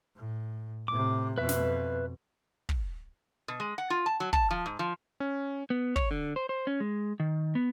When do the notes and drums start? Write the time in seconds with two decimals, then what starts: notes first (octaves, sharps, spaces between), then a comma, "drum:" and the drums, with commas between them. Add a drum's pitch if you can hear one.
0.16 A2
0.88 A2 C3 D6
1.38 F2 B2 B4 E5
1.49 drum: snare
2.69 drum: kick
3.48 B2
3.60 G#3
3.78 F#5
3.90 F4
4.06 A5
4.20 F#3
4.33 A5, drum: kick
4.51 F3
4.66 G#2
4.79 F3
5.20 C#4
5.70 B3
5.96 C#5, drum: kick
6.11 D3
6.36 C5
6.49 C5
6.67 C#4
6.80 G#3
7.20 D#3
7.55 B3